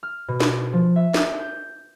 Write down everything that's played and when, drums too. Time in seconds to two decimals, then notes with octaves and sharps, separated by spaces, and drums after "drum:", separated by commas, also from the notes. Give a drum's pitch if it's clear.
0.03 F6
0.28 B2
0.40 drum: snare
0.73 F3
0.96 E5
1.14 drum: snare
1.39 G6